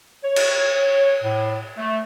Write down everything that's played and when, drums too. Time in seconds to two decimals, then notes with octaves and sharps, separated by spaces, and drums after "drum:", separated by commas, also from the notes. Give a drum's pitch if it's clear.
0.24 C#5
0.36 drum: cymbal
1.22 A2
1.78 A3